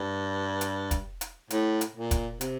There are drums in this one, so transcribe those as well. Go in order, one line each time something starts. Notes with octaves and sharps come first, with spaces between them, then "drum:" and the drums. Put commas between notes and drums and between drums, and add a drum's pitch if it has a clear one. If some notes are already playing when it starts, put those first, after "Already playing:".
Already playing: G2
drum: hi-hat
drum: kick, hi-hat
drum: hi-hat
A2, drum: hi-hat
drum: hi-hat
A#2
drum: kick, hi-hat
C3, drum: hi-hat